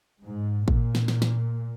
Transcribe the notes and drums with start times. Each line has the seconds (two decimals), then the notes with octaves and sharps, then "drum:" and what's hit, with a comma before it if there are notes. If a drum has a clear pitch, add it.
0.22 G#2
0.68 A#2, drum: kick
0.95 drum: snare
1.08 drum: snare
1.22 drum: snare